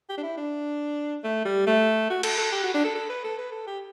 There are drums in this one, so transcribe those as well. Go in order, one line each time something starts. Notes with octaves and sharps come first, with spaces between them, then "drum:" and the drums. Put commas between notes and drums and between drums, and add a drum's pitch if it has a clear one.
G4
D4
E4
D4
A3
G3
A3
F#4
A4, drum: cymbal
A4
G4
F#4
D4
A4
A4
B4
A4
B4
A4
G4